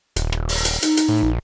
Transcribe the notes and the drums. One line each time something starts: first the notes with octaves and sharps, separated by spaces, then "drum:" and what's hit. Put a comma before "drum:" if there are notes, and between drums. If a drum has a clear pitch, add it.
D#1, drum: hi-hat
drum: rim click
drum: open hi-hat
drum: hi-hat
D#4, drum: hi-hat
drum: hi-hat
A2
A#1